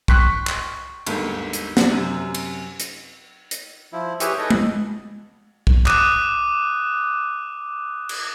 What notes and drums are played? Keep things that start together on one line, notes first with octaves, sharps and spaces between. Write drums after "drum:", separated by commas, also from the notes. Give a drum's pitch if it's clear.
G5 C6 C#6 F#6 B6, drum: kick
drum: clap
G1 D#2 G#2, drum: cymbal
drum: hi-hat
D4, drum: snare
F#2 C3
drum: cymbal
drum: hi-hat
drum: hi-hat
F3 E4
E4 G4 G#4 B4 C#5 E5, drum: hi-hat
D#4 A4 B4 G#5 A#5
drum: tom G#3
drum: kick
D6 D#6 F#6 D#7, drum: clap
drum: cymbal